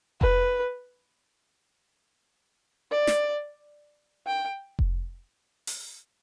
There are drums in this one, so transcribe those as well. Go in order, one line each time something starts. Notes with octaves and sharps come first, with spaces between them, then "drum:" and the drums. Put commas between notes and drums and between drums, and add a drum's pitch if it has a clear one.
B4, drum: kick F1
D5
drum: snare
G5
drum: kick F1
drum: open hi-hat